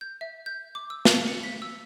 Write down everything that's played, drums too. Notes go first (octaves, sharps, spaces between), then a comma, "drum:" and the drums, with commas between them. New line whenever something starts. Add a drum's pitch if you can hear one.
G6
E5
G6
D6
E6
A5, drum: snare
C#7
B6
E6